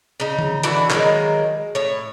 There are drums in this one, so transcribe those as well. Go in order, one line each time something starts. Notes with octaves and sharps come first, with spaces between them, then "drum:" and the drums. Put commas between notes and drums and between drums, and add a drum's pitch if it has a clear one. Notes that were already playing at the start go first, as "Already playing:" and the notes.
C#3 D#4
drum: tom D3
D3 E3 F#4, drum: hi-hat
D#3 F#3 G#3 A#3, drum: clap
A2 C#5